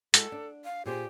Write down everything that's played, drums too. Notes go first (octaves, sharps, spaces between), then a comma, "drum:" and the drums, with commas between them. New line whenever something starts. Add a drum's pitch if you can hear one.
G#3 E4 F#4 A4, drum: hi-hat
D4
F5
A#2 G4 G#4 C5